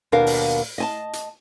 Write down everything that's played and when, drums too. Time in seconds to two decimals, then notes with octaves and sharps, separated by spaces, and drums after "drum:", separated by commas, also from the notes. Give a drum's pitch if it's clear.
0.12 D#2 B2 D4 A#4 F5
0.27 drum: open hi-hat
0.78 D#5 G#5 A5
1.13 drum: hi-hat